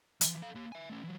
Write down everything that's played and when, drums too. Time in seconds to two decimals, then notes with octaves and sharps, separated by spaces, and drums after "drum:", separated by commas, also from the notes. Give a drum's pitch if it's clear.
0.21 E3 F3, drum: hi-hat
0.42 A4 F5
0.55 A#3 G4
0.72 E5 G#5
0.90 A3 C#4
1.03 E3 F#3